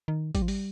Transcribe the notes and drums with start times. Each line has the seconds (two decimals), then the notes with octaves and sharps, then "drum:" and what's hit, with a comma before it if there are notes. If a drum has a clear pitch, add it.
0.08 D#3
0.35 G3, drum: kick, hi-hat
0.42 F3
0.48 G3, drum: open hi-hat